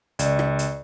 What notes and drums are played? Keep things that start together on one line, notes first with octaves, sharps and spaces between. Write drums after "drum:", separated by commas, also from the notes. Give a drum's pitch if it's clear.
C#2 D5 D#5, drum: hi-hat
drum: rim click
drum: hi-hat